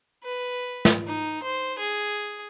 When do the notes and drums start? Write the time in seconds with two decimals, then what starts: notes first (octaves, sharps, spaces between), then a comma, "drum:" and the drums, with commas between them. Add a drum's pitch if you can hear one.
0.23 B4
0.85 drum: snare
1.07 D#4
1.43 C5
1.78 G#4